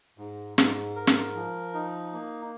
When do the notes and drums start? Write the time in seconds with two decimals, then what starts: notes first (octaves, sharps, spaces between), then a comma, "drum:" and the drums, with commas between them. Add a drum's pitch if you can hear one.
0.18 G#2
0.58 G#2, drum: snare
0.96 A#4
1.07 drum: snare
1.35 F3
1.74 D#4
2.13 A#3